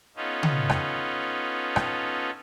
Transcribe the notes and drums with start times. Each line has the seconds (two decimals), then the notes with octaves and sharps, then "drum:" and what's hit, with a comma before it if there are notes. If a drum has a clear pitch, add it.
0.16 B3 C#4 D#4 F4 A4
0.43 drum: tom C#3
0.69 drum: rim click
1.76 drum: rim click